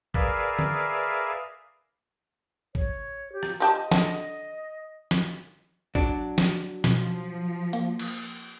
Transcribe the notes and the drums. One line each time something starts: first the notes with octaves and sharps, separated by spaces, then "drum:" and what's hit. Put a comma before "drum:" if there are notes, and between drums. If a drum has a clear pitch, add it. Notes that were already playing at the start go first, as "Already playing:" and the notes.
G#4 A#4 B4 D5 E5 F5, drum: kick G#1
drum: tom D3
C#5, drum: kick G#1
G4
drum: rim click
F3 G4 D#5 A5
D3, drum: snare
drum: snare
F#3 D4, drum: kick G#1
drum: snare
B2 F3, drum: snare
A#3, drum: hi-hat
drum: cymbal